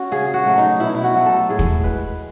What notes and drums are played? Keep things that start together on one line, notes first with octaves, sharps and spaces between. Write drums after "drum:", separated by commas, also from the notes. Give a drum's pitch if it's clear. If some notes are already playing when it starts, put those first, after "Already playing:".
Already playing: C#4 F#4
C#3 G#4
F#4
F#3 A3
D#4
B2 E4
E4
F#4
F#3 A3
A4
A2 G#4
drum: kick
G#3 B4